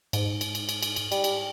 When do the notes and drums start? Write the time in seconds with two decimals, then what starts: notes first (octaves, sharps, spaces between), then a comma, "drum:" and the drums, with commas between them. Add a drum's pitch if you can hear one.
0.13 G#2, drum: cymbal
0.41 drum: cymbal
0.55 drum: cymbal
0.69 drum: cymbal
0.83 drum: cymbal
0.96 drum: cymbal
1.12 G3, drum: cymbal
1.24 drum: cymbal